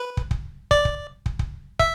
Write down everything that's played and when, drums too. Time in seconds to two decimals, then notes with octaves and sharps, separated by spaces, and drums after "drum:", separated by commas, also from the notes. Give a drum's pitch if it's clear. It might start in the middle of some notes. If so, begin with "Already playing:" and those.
Already playing: B4
0.17 drum: kick
0.31 drum: kick
0.71 D5, drum: kick
0.85 drum: kick
1.26 drum: kick
1.39 drum: kick
1.79 E5, drum: kick